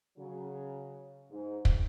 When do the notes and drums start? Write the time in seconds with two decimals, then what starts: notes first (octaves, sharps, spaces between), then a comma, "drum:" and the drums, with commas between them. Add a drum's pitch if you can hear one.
0.17 C#3 F#3
1.31 G#2
1.65 drum: kick